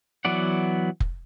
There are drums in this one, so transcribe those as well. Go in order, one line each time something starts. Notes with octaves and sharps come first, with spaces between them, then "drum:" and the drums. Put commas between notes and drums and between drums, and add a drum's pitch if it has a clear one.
E3 F#3 B3 D5 F#5
drum: kick F1